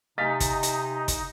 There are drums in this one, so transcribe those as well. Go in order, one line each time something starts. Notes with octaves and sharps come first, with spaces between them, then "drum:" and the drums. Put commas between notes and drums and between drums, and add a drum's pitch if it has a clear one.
C3 D#4 D#5 F5 G#5 A6 B6
drum: kick G1, hi-hat
drum: hi-hat
drum: kick G1, hi-hat